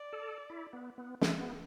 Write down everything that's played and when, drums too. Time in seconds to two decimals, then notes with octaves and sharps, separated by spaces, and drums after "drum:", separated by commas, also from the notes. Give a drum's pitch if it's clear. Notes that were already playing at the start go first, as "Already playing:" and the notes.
Already playing: D5
0.13 A4
0.50 E4
0.73 B3
0.98 B3
1.21 A3, drum: snare
1.39 B3